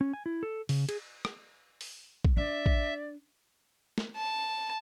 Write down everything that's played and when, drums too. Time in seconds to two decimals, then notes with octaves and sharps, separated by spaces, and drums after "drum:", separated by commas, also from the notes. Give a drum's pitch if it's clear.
0.01 C#4
0.13 G#5
0.26 E4
0.43 A4
0.69 C#3, drum: open hi-hat
0.89 G#4, drum: cymbal
1.25 drum: rim click
1.81 drum: open hi-hat
2.25 drum: kick
2.37 D4 D5 E5
2.66 drum: kick
3.98 drum: snare
4.16 A5